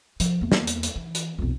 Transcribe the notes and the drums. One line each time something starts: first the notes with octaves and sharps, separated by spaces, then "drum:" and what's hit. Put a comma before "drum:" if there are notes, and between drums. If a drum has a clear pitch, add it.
F3, drum: hi-hat
E2 A#3
drum: snare
drum: hi-hat
drum: hi-hat
E3
drum: hi-hat
B1 F2